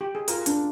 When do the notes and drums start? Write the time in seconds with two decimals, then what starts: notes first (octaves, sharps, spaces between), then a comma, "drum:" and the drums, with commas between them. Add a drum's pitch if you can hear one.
0.01 G4
0.15 G#4
0.28 F4 A#4, drum: hi-hat
0.46 D4, drum: hi-hat